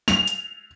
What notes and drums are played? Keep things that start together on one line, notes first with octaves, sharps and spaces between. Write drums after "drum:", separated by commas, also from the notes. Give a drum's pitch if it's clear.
F7, drum: snare
drum: hi-hat